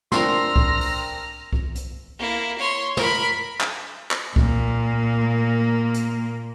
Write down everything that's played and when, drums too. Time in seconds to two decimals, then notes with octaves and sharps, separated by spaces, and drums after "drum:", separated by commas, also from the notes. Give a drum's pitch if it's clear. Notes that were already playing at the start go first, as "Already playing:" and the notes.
0.12 C4 D4 A#4 A#5 C6 E6 F6 A#6, drum: snare
0.56 drum: kick C2
0.80 drum: open hi-hat
1.53 drum: kick C2
1.75 drum: hi-hat
2.19 A#3 E4
2.59 C#5 C6
2.97 A#4 B5, drum: snare
3.61 drum: clap
4.11 drum: clap
4.36 A#2 A#3, drum: kick C2
5.94 drum: hi-hat